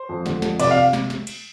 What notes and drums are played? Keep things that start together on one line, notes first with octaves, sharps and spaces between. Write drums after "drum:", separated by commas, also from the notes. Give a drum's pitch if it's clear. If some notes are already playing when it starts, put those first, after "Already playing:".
Already playing: C5
F2
D3, drum: snare
F2, drum: snare
C3 D5, drum: cymbal
F5
drum: snare
drum: snare
drum: cymbal